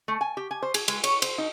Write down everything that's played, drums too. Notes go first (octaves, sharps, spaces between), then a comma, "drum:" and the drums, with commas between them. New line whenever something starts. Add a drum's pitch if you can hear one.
A3
G#5
G4
G#5
C5
G#4, drum: cymbal
G#3, drum: cymbal
C#5, drum: cymbal
C5, drum: cymbal
D#4